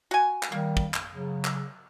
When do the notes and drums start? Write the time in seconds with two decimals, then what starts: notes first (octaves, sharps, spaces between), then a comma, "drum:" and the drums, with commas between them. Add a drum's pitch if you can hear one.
0.11 F#4 G#5
0.43 drum: clap
0.52 D#3 G3 A#3
0.77 drum: kick
0.94 drum: clap
1.11 C#3 F#3
1.45 drum: clap